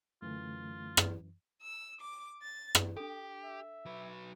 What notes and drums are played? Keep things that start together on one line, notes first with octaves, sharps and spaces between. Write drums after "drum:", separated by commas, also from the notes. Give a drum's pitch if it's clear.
F#2 D3 E3 A3 F4
drum: rim click
E6
D6
A6
drum: rim click
D4 G4 A4
E5
F#3 B4